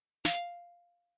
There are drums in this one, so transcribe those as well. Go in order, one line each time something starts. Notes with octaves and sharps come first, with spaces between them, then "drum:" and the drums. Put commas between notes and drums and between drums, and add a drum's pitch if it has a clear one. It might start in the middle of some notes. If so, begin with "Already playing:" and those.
F5, drum: snare